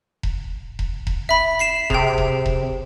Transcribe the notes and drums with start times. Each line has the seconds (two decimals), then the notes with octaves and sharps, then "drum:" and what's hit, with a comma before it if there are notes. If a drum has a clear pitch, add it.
0.23 drum: kick E1
0.79 drum: kick E1
1.07 drum: kick E1
1.29 E5 B5
1.59 B6 C7 E7
1.90 C3 G#4 G5, drum: kick E1
2.18 drum: kick E1
2.46 drum: kick E1